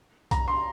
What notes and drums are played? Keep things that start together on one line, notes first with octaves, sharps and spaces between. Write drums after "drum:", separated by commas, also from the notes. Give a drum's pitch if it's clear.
A#5, drum: kick B1, hi-hat
C6